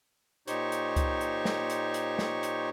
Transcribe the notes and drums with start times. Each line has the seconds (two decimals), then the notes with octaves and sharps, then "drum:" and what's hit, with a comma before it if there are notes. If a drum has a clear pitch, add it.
0.48 A#2 D#4 G4 C5 C#5 C#6, drum: hi-hat
0.72 drum: hi-hat
0.96 drum: kick C#2, hi-hat
1.21 drum: hi-hat
1.45 drum: snare
1.70 drum: hi-hat
1.94 drum: hi-hat
2.19 drum: snare
2.43 drum: hi-hat